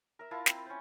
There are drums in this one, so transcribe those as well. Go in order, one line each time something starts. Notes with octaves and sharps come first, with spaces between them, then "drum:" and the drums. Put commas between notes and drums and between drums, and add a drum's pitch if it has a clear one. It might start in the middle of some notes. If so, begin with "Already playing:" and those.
A#4 E5
E4 F4 A#4 A5
C4 B5, drum: snare
C#4 C5